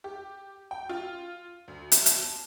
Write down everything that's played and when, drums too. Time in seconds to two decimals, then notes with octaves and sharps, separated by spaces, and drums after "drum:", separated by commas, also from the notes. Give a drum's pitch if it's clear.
0.04 G4
0.71 G5
0.89 F4
1.68 D2
1.92 drum: hi-hat
2.06 A5, drum: hi-hat